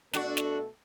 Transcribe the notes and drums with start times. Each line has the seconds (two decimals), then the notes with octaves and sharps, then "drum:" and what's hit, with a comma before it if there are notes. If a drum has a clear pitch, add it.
0.13 B2 A3 D4 F#4 A4, drum: snare
0.37 drum: snare